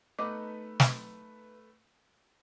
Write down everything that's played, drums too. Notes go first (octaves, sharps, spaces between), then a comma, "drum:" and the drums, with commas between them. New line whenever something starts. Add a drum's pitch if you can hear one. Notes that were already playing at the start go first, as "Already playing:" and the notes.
A3 B3 D#4 B4 D#5 D6
drum: snare